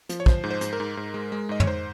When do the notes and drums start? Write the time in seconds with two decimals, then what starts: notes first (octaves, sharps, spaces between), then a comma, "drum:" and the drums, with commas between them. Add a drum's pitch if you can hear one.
0.09 F3, drum: hi-hat
0.20 C#5
0.26 F3 C5, drum: kick
0.44 G#2
0.51 C5
0.61 G#2, drum: hi-hat
0.73 A#4
0.80 G#2
0.97 G#2
1.14 G#3
1.32 G#3
1.49 G#2 D#5
1.60 C#5, drum: tom
1.67 G#2 C5